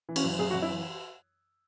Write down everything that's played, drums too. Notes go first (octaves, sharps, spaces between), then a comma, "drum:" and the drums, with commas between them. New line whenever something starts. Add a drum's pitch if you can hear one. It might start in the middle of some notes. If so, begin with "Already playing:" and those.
E3
C#4, drum: cymbal
F#2
F#2 G#4
F#4
F#2
E4
E3